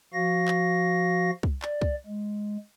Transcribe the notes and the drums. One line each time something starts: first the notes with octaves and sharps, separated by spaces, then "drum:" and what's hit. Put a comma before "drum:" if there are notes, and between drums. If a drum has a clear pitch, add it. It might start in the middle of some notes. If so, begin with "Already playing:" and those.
F3 F#4 F5 A#6
drum: clap
drum: kick
D5, drum: clap
drum: kick
G#3